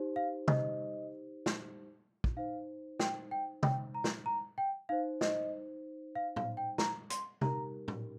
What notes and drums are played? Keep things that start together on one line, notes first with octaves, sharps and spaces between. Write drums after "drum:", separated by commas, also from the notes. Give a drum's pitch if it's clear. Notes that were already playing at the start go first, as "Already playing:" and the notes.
Already playing: D#4 G4 C5
F5
D#5, drum: tom C3
drum: snare
drum: kick
D#4 C5 F5
G5, drum: snare
G5
G5, drum: tom C3
A#5
drum: snare
A#5
G5
D#4 C5 F5
D#5, drum: snare
F5
F5, drum: tom A2
G5
A#5, drum: snare
C6, drum: hi-hat
D#4 G4 A#4 A#5, drum: tom C3
drum: tom A2